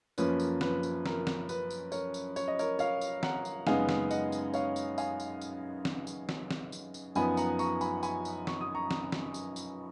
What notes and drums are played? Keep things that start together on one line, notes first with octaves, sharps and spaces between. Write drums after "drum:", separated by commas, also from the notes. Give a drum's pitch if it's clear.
F#2 F3 A#3 C#4 B4, drum: tambourine
drum: tambourine
B4, drum: snare
drum: tambourine
A#4, drum: snare
drum: snare
B4, drum: tambourine
drum: tambourine
A#4 C#5, drum: tambourine
drum: tambourine
C#5, drum: tambourine
D#5
A#4 C#5, drum: tambourine
C#5 F5, drum: tambourine
drum: tambourine
F#5 A#5, drum: snare
drum: tambourine
F#2 C#3 G#3 B3 D#4 F5 G#5, drum: snare
drum: snare
D#5 F#5, drum: tambourine
drum: tambourine
C#5 F5, drum: tambourine
drum: tambourine
F5 G#5, drum: tambourine
drum: tambourine
drum: tambourine
drum: snare
drum: tambourine
drum: snare
drum: snare
drum: tambourine
drum: tambourine
F#2 F3 B3 D#4 G#5 B5, drum: tambourine
F#5 A#5, drum: tambourine
A#5 C#6, drum: tambourine
G#5 B5, drum: tambourine
G#5 B5, drum: tambourine
drum: tambourine
C#6, drum: snare
D#6
A#5 C#6
drum: snare
drum: snare
drum: tambourine
drum: tambourine